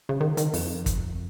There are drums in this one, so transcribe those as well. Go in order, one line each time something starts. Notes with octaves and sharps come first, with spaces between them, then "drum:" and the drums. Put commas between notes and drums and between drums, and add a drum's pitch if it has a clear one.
C#3
D#3
D#3, drum: hi-hat
F2, drum: open hi-hat
drum: kick, hi-hat